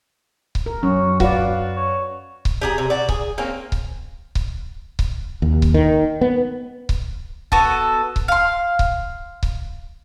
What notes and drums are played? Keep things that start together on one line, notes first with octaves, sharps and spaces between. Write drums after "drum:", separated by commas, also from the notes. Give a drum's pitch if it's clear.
drum: kick C#1
A#4
F#2 C#4 F#4
F#4 B4 D5 F5, drum: kick C#1
C#5
drum: kick C#1
G4 G#4 A#5
C3
F#4 D5
G#4, drum: kick C#1
A#3 C4 C#4
drum: kick C#1
drum: kick C#1
drum: kick C#1
D#2
drum: kick C#1
D#3
B3
drum: kick C#1
B3 F#4 A4, drum: kick C#1
drum: kick C#1
F5 C6
drum: kick C#1
drum: kick C#1